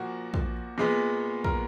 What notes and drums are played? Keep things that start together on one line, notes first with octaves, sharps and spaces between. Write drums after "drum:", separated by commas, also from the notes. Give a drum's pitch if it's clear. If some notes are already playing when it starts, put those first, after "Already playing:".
Already playing: A#2 F3 A#3 F#4
drum: kick
A#2 G#3 B3
A#4, drum: kick